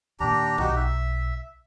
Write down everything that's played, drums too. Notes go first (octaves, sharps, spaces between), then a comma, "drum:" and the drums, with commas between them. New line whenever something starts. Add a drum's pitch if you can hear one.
D#2 A#2 D4 G4 A#5
B1 D#4 F#4 G4, drum: kick A#1
E5